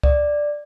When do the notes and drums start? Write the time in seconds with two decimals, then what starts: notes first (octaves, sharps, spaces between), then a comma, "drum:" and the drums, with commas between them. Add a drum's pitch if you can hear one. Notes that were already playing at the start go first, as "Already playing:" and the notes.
0.03 D5, drum: kick C#2